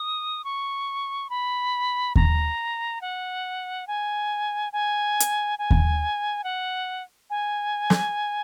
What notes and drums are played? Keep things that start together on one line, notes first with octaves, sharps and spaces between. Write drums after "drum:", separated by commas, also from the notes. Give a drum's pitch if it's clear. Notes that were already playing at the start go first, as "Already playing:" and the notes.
Already playing: D#6
C#6
B5
A#5, drum: kick D#2
F#5
G#5
G#5
drum: hi-hat
G#5
drum: kick D#2
F#5
G#5
drum: snare